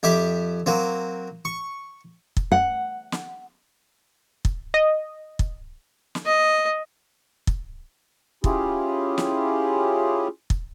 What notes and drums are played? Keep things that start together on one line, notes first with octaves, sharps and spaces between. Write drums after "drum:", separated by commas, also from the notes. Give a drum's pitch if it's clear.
F2 G4 E5 D6
F#3 A#3 C4
C#6
drum: kick
F#5
drum: snare
drum: kick
D#5
drum: kick
drum: snare
D#5
drum: kick
C#4 E4 F4 G4 G#4, drum: kick
drum: snare
drum: kick